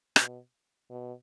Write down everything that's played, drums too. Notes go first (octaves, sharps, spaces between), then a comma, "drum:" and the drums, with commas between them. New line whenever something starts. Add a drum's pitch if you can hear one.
B2, drum: rim click
B2